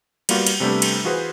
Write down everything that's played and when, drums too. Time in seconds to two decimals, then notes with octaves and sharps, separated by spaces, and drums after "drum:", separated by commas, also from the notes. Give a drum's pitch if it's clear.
0.29 G3 A#3 B3 F4 F#4, drum: cymbal
0.47 drum: cymbal
0.60 C3 G3 A3 B3 D4
0.82 drum: cymbal
1.04 E3 F4 F#4 G#4 B4 C5